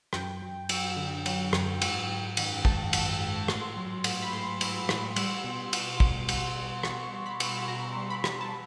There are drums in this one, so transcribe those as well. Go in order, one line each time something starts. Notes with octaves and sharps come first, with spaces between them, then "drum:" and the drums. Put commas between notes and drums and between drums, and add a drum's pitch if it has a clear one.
F#2 G5, drum: rim click
F#2
F#3, drum: cymbal
D3
F#3, drum: cymbal
F#2, drum: rim click
G#2, drum: cymbal
G#2
D#3, drum: cymbal
G#3 A5, drum: kick
G#3, drum: cymbal
G#2
A2 C6, drum: rim click
F#3
A2, drum: cymbal
B5
A2 C6
A2, drum: cymbal
A2, drum: rim click
G3, drum: cymbal
B2
B2, drum: cymbal
B2, drum: kick
G3, drum: cymbal
G3
B2 C#6, drum: rim click
G3
B5
B2, drum: cymbal
B2 A#5
G3
B5
G3, drum: rim click
A5